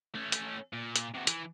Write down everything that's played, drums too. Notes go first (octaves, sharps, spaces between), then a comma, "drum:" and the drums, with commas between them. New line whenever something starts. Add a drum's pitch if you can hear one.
A3 C#4
drum: hi-hat
A#2
drum: hi-hat
C3 F#4
E3, drum: hi-hat